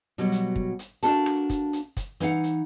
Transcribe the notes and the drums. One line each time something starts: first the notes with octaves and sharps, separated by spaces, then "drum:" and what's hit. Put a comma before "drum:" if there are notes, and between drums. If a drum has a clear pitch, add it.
B2 F#3 G3
drum: hi-hat
drum: kick
drum: hi-hat
A#3 D4 F#4 A4 A5, drum: hi-hat
drum: rim click
drum: kick, hi-hat
drum: hi-hat
drum: kick, hi-hat
E3 D#4 F5 F#5, drum: hi-hat
drum: hi-hat